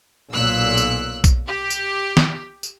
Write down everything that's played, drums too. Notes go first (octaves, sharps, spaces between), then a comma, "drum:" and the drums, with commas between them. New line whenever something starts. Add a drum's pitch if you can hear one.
B1 A#2 E6 F#6
drum: tambourine
drum: kick A#1, tambourine
G4
drum: tambourine
drum: snare
drum: tambourine